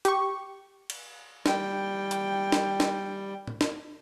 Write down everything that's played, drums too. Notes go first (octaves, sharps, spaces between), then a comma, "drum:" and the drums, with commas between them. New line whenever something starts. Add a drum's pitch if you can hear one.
G4 C#6, drum: hi-hat
drum: cymbal
G3 G5, drum: snare
drum: hi-hat
drum: snare
drum: snare
drum: tom A2
drum: snare